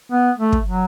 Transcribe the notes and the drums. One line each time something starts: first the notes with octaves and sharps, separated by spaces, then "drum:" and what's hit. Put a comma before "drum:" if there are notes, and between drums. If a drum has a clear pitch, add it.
B3
A3
drum: kick
F#3